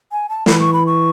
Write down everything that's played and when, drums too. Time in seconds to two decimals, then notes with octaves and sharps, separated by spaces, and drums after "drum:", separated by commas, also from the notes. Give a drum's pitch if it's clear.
0.12 G#5
0.29 A5
0.46 E3 B5, drum: snare
0.59 C#6
0.73 B5
0.86 C#6